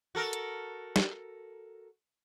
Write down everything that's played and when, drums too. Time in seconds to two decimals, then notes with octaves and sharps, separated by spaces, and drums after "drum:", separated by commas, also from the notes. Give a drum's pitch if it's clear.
0.15 F#4 A4 A#4
0.33 drum: hi-hat
0.96 drum: snare